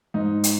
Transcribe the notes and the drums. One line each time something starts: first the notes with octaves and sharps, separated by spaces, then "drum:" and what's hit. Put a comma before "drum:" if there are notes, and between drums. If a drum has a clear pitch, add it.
G#2 D#4
drum: hi-hat